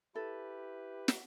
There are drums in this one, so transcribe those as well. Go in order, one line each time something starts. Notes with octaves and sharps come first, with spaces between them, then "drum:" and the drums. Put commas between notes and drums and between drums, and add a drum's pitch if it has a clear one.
E4 G4 A4 B4
drum: snare